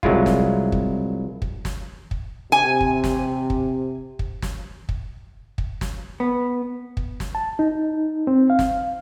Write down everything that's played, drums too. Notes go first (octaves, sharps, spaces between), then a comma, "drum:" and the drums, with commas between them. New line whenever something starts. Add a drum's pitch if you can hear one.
C2 F#3 G#3 E4 F4, drum: kick
drum: snare
drum: kick
drum: kick
drum: snare
drum: kick
C3 G#5
drum: kick
drum: snare
drum: kick
drum: kick
drum: snare
drum: kick
drum: kick
drum: snare
B3
drum: kick
drum: snare
A5
D#4
C4
F5
drum: snare